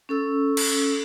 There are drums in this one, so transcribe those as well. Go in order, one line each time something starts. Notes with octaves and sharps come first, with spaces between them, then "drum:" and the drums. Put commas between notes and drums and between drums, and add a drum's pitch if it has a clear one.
C#4 A4 E6
drum: cymbal